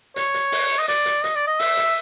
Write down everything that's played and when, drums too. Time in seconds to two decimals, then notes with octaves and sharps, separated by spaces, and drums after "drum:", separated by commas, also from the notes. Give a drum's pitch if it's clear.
0.16 C#5, drum: hi-hat
0.34 drum: hi-hat
0.52 drum: open hi-hat
0.78 D#5
0.88 D5, drum: hi-hat
1.06 drum: hi-hat
1.24 D#5, drum: hi-hat
1.35 D5
1.47 D#5
1.60 E5, drum: open hi-hat
1.77 drum: hi-hat